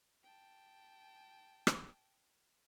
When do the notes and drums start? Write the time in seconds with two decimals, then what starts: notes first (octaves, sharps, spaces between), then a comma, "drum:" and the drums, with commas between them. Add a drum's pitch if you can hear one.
0.23 G5 A5
1.67 drum: rim click